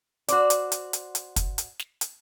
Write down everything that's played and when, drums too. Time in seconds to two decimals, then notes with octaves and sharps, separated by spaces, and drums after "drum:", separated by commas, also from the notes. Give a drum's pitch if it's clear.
0.28 F#4 C5 D5, drum: hi-hat
0.50 drum: hi-hat
0.72 drum: hi-hat
0.93 drum: hi-hat
1.15 drum: hi-hat
1.36 drum: kick, hi-hat
1.58 drum: hi-hat
1.79 drum: snare
2.01 drum: hi-hat